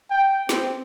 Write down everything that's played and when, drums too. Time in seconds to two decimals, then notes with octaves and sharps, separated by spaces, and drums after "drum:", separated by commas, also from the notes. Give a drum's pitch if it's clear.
0.11 G5
0.49 C4, drum: snare